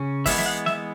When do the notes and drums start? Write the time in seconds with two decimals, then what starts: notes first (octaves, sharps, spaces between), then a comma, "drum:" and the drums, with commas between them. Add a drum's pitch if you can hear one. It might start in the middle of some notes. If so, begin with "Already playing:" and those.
Already playing: C#3 C#4
0.26 E3 G#3 B3 E5, drum: kick, open hi-hat
0.38 E5, drum: snare
0.46 F#5
0.66 E5, drum: snare